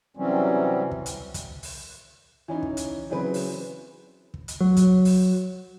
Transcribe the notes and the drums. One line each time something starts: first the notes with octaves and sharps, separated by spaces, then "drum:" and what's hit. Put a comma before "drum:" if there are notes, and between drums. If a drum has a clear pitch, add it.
C3 E3 F#3 G3 C4 C#4
drum: kick
drum: hi-hat
drum: kick, hi-hat
drum: open hi-hat
E3 C#4 D#4
drum: kick
drum: hi-hat
C#3 E3 F#3 C4 B4
drum: open hi-hat
drum: kick
drum: hi-hat
F#3
drum: kick, hi-hat
drum: open hi-hat